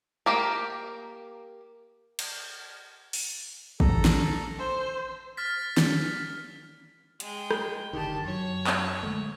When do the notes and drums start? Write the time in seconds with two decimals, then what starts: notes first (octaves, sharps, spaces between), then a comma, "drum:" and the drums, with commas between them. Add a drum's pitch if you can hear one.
0.26 A#3 G4 A#4
2.19 drum: cymbal
3.13 drum: open hi-hat
3.80 A4 A#5, drum: kick A1
4.05 drum: snare
4.59 C5 E6
5.37 F6 A6 B6
5.77 drum: snare
7.20 G#3 G5, drum: hi-hat
7.51 drum: rim click
7.93 F#1 D3 D#3 G4 A5
8.25 F#2 F#3 C#5
8.67 drum: clap
9.03 D3 G#3 A3